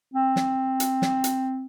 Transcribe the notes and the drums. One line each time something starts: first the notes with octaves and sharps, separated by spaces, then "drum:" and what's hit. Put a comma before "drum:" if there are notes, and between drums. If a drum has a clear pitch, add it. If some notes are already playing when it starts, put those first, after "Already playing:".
C4
drum: snare
drum: hi-hat
drum: snare
drum: hi-hat